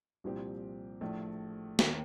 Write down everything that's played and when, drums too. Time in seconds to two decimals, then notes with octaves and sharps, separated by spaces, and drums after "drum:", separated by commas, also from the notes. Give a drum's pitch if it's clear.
0.24 C2 A#2 F3 C4 G4
1.01 A#1 A2 A3
1.79 D#2 D#3 A#3, drum: snare